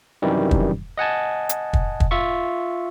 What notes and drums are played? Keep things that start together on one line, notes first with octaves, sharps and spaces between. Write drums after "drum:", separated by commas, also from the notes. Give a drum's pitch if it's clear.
F#2 C3 D#3 E3 G3
drum: kick
D#5 F#5 G#5 A5
drum: hi-hat
drum: kick
drum: kick
F4 E5 C#6